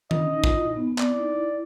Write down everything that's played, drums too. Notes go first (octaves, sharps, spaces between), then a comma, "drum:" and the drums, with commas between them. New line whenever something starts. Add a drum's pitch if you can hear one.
D4 D#5, drum: tom D#3
C#4
D#4
F4, drum: kick
E4
D#4
B3
B3
C4 D5, drum: clap
E4
D#4
E4